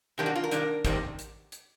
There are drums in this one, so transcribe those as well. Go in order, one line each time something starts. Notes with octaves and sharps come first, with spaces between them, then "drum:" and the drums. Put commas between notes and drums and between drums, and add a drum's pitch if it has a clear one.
C3 D#3 G3 A#3 D4 G4
F#4
F4
A#4
C3 D#3 G3 A#3 D4, drum: hi-hat
F2 C3 D#3 G3 C4, drum: kick, hi-hat
drum: hi-hat
drum: hi-hat